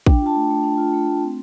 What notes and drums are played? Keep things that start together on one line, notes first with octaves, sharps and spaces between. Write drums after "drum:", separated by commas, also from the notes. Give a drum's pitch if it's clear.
D4 G5, drum: kick
F4
A5
A3
A3
D4
F4
A3
A3
C4